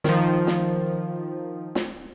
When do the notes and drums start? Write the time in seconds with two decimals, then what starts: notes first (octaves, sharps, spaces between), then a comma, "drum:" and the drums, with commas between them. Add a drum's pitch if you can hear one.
0.04 D#3 F3, drum: snare
0.47 drum: snare
1.75 drum: snare